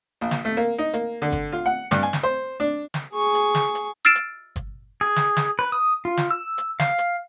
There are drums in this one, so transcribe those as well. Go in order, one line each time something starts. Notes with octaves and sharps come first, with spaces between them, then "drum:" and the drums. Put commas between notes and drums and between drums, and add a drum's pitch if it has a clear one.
A#1
drum: snare
A3
A#3
D#4
A#3, drum: hi-hat
D3
drum: kick G1, hi-hat
F4
F#5
G2, drum: snare
G#5
drum: snare
C5
D4
drum: snare
G#4 C#6
drum: hi-hat
drum: snare
drum: hi-hat
E6 F6 A6 C7 D7 E7
drum: hi-hat
drum: kick G1, hi-hat
G#4
drum: snare
drum: snare
B4
D#6
F4
drum: snare
E6
drum: hi-hat
F5, drum: snare
drum: hi-hat